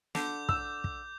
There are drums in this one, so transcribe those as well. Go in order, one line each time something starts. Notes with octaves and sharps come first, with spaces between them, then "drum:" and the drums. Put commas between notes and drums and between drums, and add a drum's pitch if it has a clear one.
D3 D6 G6, drum: snare
E6, drum: kick
drum: kick